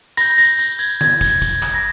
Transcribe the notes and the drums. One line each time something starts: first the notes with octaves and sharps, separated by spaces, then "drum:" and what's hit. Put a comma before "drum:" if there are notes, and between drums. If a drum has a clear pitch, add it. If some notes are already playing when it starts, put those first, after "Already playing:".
B5 G6 A#6, drum: tambourine
A#6, drum: tambourine
A#6, drum: tambourine
G#6, drum: tambourine
G#6, drum: tom D3
drum: kick, tambourine
drum: kick, tambourine
drum: clap
A#6